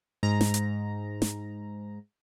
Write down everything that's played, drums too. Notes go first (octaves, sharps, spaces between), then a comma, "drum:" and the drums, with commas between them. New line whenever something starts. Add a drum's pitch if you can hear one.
G#2 A#5
drum: snare
drum: hi-hat
drum: snare